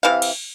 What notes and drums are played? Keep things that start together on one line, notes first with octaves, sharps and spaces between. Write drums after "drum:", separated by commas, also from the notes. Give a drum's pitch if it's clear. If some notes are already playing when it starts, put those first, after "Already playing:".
C3 E3 F5
drum: cymbal